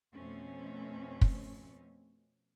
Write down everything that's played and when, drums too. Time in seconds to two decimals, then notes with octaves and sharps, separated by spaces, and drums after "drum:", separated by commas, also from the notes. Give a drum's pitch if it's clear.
0.15 F2 B2 A3 C4 C#4
1.21 drum: kick